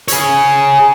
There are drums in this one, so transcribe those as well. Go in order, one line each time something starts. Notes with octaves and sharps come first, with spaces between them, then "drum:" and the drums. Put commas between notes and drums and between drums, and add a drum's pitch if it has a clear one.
G#4 C#5, drum: hi-hat